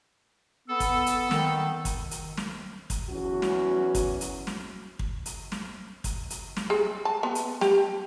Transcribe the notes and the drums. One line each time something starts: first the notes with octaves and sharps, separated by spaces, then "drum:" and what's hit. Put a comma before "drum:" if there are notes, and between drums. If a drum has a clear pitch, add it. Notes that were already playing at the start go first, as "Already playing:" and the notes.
B3 A4
drum: kick, hi-hat
drum: hi-hat
D#3, drum: snare
drum: kick, hi-hat
drum: hi-hat
drum: snare
drum: kick, hi-hat
E2 F#3 C#4 F#4
drum: snare
drum: kick, hi-hat
drum: hi-hat
drum: snare
drum: kick
drum: hi-hat
drum: snare
drum: kick, hi-hat
drum: hi-hat
drum: snare
G#4
A5
B3
drum: hi-hat
G4, drum: snare